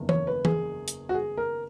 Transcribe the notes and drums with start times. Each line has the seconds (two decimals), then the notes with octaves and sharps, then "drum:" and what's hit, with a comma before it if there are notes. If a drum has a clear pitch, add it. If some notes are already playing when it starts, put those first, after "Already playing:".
Already playing: F#1 E2 D#3
0.09 C#5, drum: tom E3
0.27 B4
0.45 G#4, drum: tom E3
0.88 drum: hi-hat
1.09 F#4
1.14 G#4
1.37 A#4